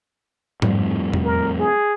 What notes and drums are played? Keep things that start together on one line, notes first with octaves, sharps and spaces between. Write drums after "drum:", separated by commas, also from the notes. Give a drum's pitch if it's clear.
F2 A2 G3, drum: tom G#2
drum: tom E2
A#4
G#4